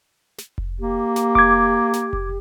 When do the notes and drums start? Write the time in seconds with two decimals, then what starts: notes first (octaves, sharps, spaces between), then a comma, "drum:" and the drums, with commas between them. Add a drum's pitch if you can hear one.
0.38 drum: snare
0.58 drum: kick F1
0.80 A#3 G4
1.16 drum: snare
1.35 D6 G#6, drum: kick F1
1.93 drum: snare
2.13 drum: kick F1